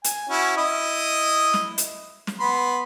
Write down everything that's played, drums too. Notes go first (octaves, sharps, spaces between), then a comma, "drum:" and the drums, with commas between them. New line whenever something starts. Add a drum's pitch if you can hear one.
G#5, drum: hi-hat
C#4 E4 F#4
E4 D#5 D#6
drum: snare
drum: hi-hat
drum: snare
B3 B5 C6